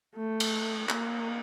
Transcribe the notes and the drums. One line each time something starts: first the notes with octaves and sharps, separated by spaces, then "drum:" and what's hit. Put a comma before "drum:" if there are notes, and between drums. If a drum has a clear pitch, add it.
A3
drum: cymbal
A#3, drum: clap